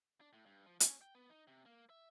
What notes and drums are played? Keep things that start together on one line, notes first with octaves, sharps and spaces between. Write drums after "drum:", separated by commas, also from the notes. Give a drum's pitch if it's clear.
D4
A2
G2
F3
C#4, drum: hi-hat
G5
B3
D#4
C3
A#3
E5